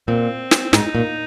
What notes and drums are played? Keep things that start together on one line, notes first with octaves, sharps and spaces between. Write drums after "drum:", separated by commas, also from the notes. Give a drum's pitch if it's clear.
A#2 C4
drum: snare
G#2 D#4, drum: snare
A#2